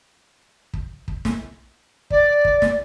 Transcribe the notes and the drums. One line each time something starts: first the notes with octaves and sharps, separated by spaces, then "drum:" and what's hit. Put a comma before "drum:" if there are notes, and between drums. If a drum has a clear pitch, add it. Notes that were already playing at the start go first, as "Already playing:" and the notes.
drum: kick
drum: kick
drum: snare
D5, drum: kick
drum: kick
drum: snare